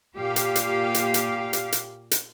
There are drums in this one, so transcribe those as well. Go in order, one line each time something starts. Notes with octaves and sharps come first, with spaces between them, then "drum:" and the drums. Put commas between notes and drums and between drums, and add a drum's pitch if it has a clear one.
A#2 G4 F5
drum: hi-hat
drum: hi-hat
drum: hi-hat
drum: hi-hat
drum: hi-hat
drum: hi-hat
drum: hi-hat